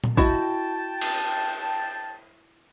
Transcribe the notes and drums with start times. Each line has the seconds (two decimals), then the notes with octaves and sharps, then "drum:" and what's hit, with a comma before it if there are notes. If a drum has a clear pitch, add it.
0.04 drum: tom A#2
0.17 E4 F#4 D#5 G5 A5, drum: kick A#1
1.01 drum: cymbal